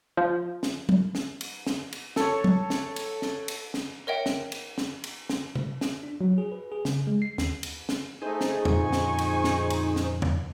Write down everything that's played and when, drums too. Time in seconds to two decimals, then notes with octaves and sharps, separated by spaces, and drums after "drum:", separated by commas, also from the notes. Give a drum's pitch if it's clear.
0.17 F3
0.63 drum: snare
0.89 drum: tom
1.15 drum: snare
1.41 drum: cymbal
1.67 drum: snare
1.92 drum: cymbal
2.16 A4 C#5, drum: snare
2.44 drum: tom
2.70 drum: snare
2.96 drum: cymbal
3.22 drum: snare
3.48 drum: cymbal
3.74 drum: snare
4.07 A#4 C#5 D#5 E5 F#5 G5
4.26 drum: snare
4.52 drum: cymbal
4.78 drum: snare
5.04 drum: cymbal
5.30 drum: snare
5.55 drum: tom
5.81 drum: snare
6.03 D4
6.21 F#3
6.38 G#4
6.52 B4
6.72 G#4
6.85 C#3, drum: snare
7.07 G#3
7.22 C7
7.38 D#2, drum: snare
7.63 drum: cymbal
7.89 drum: snare
8.22 A3 D#4 G#4 C5 G#5
8.41 drum: snare
8.65 F2 A#2 D3 G#5 C#6, drum: tom
8.92 drum: snare
9.18 drum: cymbal
9.44 drum: snare
9.70 drum: cymbal
9.96 drum: snare
10.22 drum: tom